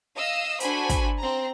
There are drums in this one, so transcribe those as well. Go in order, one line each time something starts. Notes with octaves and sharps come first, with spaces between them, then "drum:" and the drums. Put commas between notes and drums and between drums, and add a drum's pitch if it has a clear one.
D#5 F5 E6
D4 F#4 A4 C5 G#5 B5, drum: hi-hat
drum: kick, hi-hat
C4 A#5